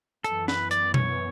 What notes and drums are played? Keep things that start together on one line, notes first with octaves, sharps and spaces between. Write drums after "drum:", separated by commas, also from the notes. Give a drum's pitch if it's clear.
F#2 E3 B3 A4, drum: hi-hat
B4, drum: snare
D5, drum: hi-hat
C#5, drum: tom B2